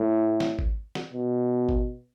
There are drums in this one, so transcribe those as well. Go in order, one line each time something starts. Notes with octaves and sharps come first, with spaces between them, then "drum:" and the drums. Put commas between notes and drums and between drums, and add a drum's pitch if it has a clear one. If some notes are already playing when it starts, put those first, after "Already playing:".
Already playing: A2
drum: snare
drum: kick G#1
drum: snare
B2
drum: kick G#1